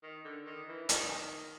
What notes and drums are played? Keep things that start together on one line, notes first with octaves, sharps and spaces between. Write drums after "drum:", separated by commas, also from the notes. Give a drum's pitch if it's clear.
D#3
D3
D#3
E3
D#3, drum: hi-hat